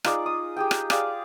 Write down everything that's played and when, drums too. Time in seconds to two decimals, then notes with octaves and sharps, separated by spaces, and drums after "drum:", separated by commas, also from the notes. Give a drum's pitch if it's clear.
0.04 D#4 F4 G#4 D5, drum: rim click
0.26 D#6
0.56 G4 G#4 G5
0.71 drum: rim click
0.90 G4 G#4 D5 F5, drum: rim click